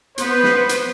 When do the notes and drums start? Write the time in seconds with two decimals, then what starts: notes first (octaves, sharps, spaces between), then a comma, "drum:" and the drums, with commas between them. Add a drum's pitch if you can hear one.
0.18 B3 B4 C5, drum: hi-hat
0.43 drum: snare
0.69 drum: hi-hat